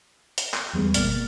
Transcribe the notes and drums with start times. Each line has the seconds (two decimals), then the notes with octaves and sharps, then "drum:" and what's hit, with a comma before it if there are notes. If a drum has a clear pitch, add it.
0.38 drum: hi-hat
0.54 C#6, drum: clap
0.74 E2 G3 G#3 B3
0.94 G1 B2 A#3 D5 F6 A6, drum: hi-hat